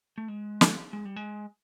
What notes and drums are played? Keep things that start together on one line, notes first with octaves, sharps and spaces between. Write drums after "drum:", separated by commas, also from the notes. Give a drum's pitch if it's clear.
A3
G#3
drum: snare
G#3
G3
G#3